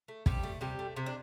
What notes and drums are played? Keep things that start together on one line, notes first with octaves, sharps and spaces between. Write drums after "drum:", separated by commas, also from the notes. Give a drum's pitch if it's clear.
A3
C3 G3 G4, drum: kick
A3
C3 G3 G4
A3
C3 E4
D4